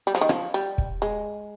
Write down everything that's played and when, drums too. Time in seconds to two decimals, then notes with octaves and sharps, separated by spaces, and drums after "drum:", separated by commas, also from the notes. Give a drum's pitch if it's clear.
0.07 G3
0.15 F3
0.21 D#3
0.29 F3, drum: rim click
0.54 G3
0.78 drum: kick
1.02 G#3